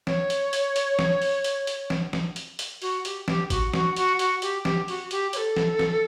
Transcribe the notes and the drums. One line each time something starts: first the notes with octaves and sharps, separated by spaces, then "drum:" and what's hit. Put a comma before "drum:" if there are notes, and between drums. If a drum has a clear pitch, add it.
C#5, drum: snare
drum: hi-hat
drum: hi-hat
drum: hi-hat
drum: snare
drum: open hi-hat
drum: hi-hat
drum: hi-hat
drum: snare
drum: snare
drum: hi-hat
drum: hi-hat
F#4, drum: open hi-hat
G4, drum: hi-hat
G4, drum: snare
F#4, drum: kick G#1, hi-hat
F#4, drum: snare
F#4, drum: hi-hat
F#4, drum: hi-hat
G4, drum: hi-hat
G4, drum: snare
F#4, drum: open hi-hat
G4, drum: hi-hat
C#5, drum: hi-hat
A4
drum: snare
drum: snare